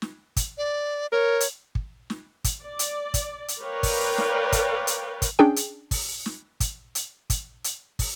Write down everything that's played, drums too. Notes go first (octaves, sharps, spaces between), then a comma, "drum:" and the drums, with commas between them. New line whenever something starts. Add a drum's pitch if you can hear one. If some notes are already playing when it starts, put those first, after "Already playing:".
drum: snare
drum: kick, hi-hat
D5
A#4 C#5
drum: hi-hat
drum: kick
drum: snare
drum: kick, hi-hat
D5
drum: hi-hat
drum: kick, hi-hat
drum: hi-hat
A#4 B4 C#5 D5 F5 G5
drum: kick, open hi-hat
drum: snare
drum: kick, hi-hat
drum: hi-hat
drum: kick, hi-hat
C#4 D4 G#4 G5
drum: hi-hat
drum: kick, open hi-hat
drum: snare
drum: kick, hi-hat
drum: hi-hat
drum: kick, hi-hat
drum: hi-hat
drum: kick, open hi-hat